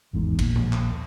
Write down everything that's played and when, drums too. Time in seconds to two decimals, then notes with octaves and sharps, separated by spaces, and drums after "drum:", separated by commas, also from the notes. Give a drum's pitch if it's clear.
0.13 G#1 E2 G#2
0.39 D#1 A#1 A#3, drum: kick A1, cymbal
0.56 drum: tom A2
0.73 drum: clap